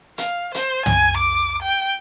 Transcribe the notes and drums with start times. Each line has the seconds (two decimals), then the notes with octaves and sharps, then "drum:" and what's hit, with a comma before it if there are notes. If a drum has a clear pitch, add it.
0.18 F5, drum: hi-hat
0.55 C5, drum: hi-hat
0.86 G#5, drum: tom
1.17 D6
1.63 G5